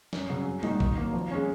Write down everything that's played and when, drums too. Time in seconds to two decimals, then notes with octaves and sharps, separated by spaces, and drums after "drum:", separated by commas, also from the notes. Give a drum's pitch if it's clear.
0.13 F#2, drum: snare
0.30 C#3 F#3
0.46 F#2
0.63 D#3 A#3 D#4 F#4, drum: tom G3
0.80 D#3, drum: kick
0.97 F#3 A#3
1.13 F3
1.31 G#3 C#4